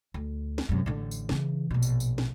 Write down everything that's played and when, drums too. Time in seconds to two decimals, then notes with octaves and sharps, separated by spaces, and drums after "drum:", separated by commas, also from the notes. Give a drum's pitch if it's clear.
0.14 D2
0.58 drum: snare
0.69 F#2 C3
0.86 A1 D3
1.11 drum: tambourine
1.29 C#3 E3, drum: snare
1.71 A#1 B2
1.82 drum: tambourine
2.00 drum: tambourine
2.18 drum: snare